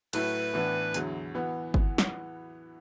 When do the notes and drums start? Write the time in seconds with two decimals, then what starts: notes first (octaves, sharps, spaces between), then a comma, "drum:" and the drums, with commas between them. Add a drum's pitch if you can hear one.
0.13 A2 F#3 A3 E4 B4, drum: cymbal
0.54 A2 E3 B3 D4
0.94 E2 D3 F#3, drum: hi-hat
1.35 E3 B3 F#4
1.74 drum: kick G1
1.98 drum: snare